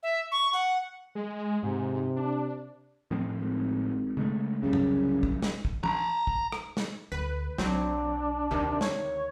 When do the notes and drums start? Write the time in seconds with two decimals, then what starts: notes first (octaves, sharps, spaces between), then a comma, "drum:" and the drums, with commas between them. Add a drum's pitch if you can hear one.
0.03 E5
0.32 C#6
0.53 F#5, drum: hi-hat
1.15 G#3
1.63 G#2 C3
2.16 D4
3.11 A2 F3 C4
3.39 G#1
4.17 C#3 G#3 A3
4.62 C2 F#2 C#3 G3
4.73 drum: tom F#2
5.23 drum: kick
5.42 drum: snare
5.65 drum: kick
5.84 A#5 B5, drum: tom
6.27 drum: kick
6.52 drum: rim click
6.77 drum: snare
7.12 D2 B4
7.58 B1 F#3 C4 D4, drum: snare
8.51 D2 C3 D#3
8.81 C#5, drum: snare